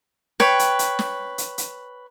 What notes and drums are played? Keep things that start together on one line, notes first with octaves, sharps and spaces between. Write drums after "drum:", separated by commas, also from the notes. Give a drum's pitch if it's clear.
B4 C#5 G5, drum: snare
drum: hi-hat
drum: hi-hat
drum: snare
drum: hi-hat
drum: hi-hat